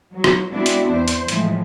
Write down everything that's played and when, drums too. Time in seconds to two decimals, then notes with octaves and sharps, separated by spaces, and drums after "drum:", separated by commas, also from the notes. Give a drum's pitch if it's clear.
0.12 F#3
0.24 drum: rim click
0.54 G#3 B3 C4 D4 E4 F#4
0.66 drum: hi-hat
0.92 E2 C5
1.08 drum: hi-hat
1.28 A2 E3 F3 G#3, drum: hi-hat